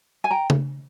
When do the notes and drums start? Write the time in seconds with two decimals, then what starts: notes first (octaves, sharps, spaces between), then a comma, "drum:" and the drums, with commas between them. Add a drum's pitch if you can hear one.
0.24 G#5
0.31 G5 A#5
0.50 drum: tom C#3